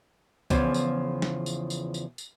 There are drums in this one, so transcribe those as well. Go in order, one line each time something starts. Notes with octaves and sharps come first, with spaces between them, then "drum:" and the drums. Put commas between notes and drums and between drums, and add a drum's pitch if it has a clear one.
E2 C#3 F3, drum: kick, tambourine
drum: tambourine
drum: snare
drum: tambourine
drum: tambourine
drum: tambourine
drum: tambourine